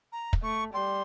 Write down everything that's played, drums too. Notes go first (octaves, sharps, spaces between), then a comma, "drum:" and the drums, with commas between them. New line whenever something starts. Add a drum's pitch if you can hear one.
A#5
drum: kick
A3 C#6
G3 C6